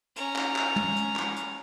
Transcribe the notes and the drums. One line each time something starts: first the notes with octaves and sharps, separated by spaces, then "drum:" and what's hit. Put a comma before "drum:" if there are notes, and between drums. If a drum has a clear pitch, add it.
C#4 A#5, drum: hi-hat
drum: clap
drum: clap
drum: tom
drum: hi-hat
drum: clap
drum: hi-hat